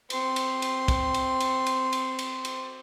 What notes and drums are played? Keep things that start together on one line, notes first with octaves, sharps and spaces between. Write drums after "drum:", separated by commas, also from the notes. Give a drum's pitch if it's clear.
C4 C6, drum: cymbal
drum: cymbal
drum: cymbal
drum: kick, cymbal
drum: cymbal
drum: cymbal
drum: cymbal
drum: cymbal
drum: cymbal
drum: cymbal